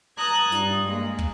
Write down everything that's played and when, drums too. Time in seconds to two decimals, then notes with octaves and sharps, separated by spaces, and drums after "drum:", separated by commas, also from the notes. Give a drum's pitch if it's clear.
0.15 A5 A#5 D#6 F#6 G#6
0.52 G2, drum: snare
0.87 G#3 A#3
1.19 drum: kick